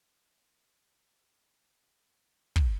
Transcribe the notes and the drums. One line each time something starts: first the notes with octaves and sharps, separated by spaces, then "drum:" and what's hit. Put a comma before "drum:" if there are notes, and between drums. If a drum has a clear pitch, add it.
F3 F#3 A4 C#5 D5 F5
D4 F#4 G#4 A#4 B4 C#5
drum: kick